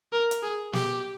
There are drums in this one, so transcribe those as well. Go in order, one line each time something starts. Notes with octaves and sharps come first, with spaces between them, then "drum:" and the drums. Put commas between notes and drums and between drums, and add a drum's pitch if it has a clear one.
A#4
drum: hi-hat
G#4
G4, drum: snare